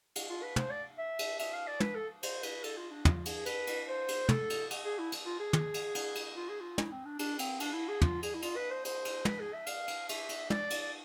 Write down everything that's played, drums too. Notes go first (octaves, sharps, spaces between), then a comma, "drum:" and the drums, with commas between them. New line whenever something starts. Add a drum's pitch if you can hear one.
drum: cymbal
F4
B4
C5, drum: tom
D5
E5
drum: cymbal
E5, drum: cymbal
F5
D5
B4, drum: tom
A4
C5, drum: cymbal
B4, drum: cymbal
A4, drum: cymbal
F4
D4
F4, drum: tom
G#4, drum: cymbal
B4, drum: cymbal
drum: cymbal
C5
drum: cymbal
A4, drum: tom
drum: cymbal
drum: cymbal
G#4
E4
drum: cymbal
F4
G#4
drum: tom
drum: cymbal
drum: cymbal
drum: cymbal
F4
G#4
F4
E4, drum: tom
C4
D4
D4, drum: cymbal
C4, drum: cymbal
D4, drum: cymbal
E4
G#4
F4, drum: tom
G#4, drum: cymbal
E4
F4, drum: cymbal
B4
C5
C5, drum: cymbal
drum: cymbal
B4, drum: tom
G#4
E5
F5, drum: cymbal
drum: cymbal
E5, drum: cymbal
drum: cymbal
D5, drum: tom
drum: cymbal
D5